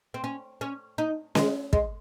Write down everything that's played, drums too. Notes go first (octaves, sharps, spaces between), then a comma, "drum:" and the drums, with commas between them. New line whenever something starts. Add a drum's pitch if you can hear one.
C4
C#4
C#4
D#4
G#3, drum: snare C#4
G#3, drum: kick